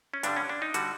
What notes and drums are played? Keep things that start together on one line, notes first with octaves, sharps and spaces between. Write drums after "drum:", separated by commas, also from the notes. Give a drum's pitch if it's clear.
C#4
G2 D3 G3 D4, drum: hi-hat
C#4
D4
D#4
D3 G3 F#4, drum: hi-hat